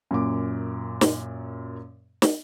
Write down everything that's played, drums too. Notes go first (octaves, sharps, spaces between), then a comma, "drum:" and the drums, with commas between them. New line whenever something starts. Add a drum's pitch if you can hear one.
F#2 A#2 D6
drum: snare
drum: snare